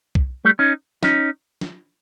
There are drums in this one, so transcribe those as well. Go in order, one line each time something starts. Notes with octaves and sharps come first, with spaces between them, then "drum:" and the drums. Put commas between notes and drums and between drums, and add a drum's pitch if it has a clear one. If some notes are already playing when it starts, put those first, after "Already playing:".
drum: kick
G3 A3
C#4 D#4
C#4 D#4, drum: snare
drum: snare